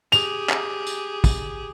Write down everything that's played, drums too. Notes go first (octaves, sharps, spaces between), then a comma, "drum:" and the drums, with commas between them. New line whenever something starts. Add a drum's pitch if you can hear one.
G4 G#4 F7, drum: tambourine
drum: clap
drum: tambourine
drum: kick, tambourine